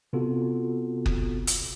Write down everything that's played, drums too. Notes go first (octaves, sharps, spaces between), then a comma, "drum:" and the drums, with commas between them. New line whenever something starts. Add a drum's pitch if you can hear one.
C3 B3 C4 F4 F#4 A4
drum: kick F#1
drum: hi-hat